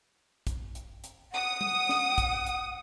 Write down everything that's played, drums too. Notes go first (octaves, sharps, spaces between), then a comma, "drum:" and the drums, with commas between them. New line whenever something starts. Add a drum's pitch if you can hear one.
drum: kick, hi-hat
drum: hi-hat
drum: hi-hat
F#5 D#6
drum: tom G3
drum: snare
drum: kick, hi-hat
drum: hi-hat